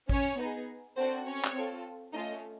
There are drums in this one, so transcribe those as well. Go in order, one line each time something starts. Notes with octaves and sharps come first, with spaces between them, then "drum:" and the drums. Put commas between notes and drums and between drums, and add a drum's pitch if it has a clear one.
C#4 C#5, drum: kick A1
B3 D#4 G#4
C4 D4 F#4 A4 C5
C#4 C#5
drum: clap
C4 F4 A4
A3 C#4 D#4 F4 D#5